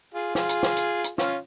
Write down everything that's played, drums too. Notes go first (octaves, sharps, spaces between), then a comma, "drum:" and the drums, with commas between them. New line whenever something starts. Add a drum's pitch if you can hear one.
F4 G#4
F4 G#4, drum: snare
drum: hi-hat
drum: snare
drum: hi-hat
drum: hi-hat
C#4 F4, drum: snare